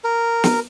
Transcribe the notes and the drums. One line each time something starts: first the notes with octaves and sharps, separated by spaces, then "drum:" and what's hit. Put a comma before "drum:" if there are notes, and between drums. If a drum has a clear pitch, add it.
A#4
drum: snare